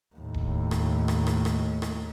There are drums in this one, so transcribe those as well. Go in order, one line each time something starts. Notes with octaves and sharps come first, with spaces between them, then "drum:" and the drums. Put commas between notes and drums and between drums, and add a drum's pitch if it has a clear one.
D#2 A2
drum: kick D#1
drum: rim click
drum: rim click
drum: rim click
drum: rim click
drum: rim click